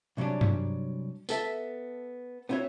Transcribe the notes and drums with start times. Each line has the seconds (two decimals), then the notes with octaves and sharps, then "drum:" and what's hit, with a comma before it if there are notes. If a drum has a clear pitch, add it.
0.17 C3 F#3 G3 C#4 D4
0.41 drum: tom G2
1.29 B3 A4 E5, drum: tambourine
2.49 B3 C4 E4 F#4 C#5 E5